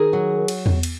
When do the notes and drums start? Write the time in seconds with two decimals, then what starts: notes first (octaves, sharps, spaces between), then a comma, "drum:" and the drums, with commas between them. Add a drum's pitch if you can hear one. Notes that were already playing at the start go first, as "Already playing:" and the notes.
Already playing: D#3 G#4 A#4
0.13 F#3
0.48 drum: cymbal
0.66 drum: tom E2
0.83 drum: cymbal